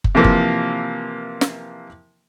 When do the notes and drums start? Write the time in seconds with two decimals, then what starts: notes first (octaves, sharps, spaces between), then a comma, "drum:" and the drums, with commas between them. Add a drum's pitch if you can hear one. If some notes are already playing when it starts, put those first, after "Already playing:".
0.04 drum: kick
0.15 C3 E3 F3 A#3
0.24 drum: kick
1.41 drum: snare